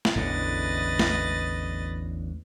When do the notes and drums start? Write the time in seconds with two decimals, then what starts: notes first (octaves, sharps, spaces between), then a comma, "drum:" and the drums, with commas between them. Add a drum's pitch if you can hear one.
0.05 drum: snare
0.15 A1 E2 D3 B4 D#5 A6
0.99 drum: snare